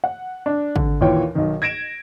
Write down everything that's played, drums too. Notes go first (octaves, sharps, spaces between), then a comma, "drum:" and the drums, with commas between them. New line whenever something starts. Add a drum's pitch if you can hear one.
F#5
D4
D3, drum: kick
D#2 A#2 E3 C#5 G5
B1 D#3
G#6 A#6 D7 E7